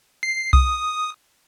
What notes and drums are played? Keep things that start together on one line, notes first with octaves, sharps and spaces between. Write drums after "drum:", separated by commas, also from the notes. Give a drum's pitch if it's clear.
C7
D#6, drum: kick C2